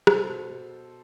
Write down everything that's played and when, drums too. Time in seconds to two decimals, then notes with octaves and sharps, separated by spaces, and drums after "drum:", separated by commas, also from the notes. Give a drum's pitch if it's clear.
0.07 B2 A4 C5, drum: rim click
0.29 B2
0.50 B2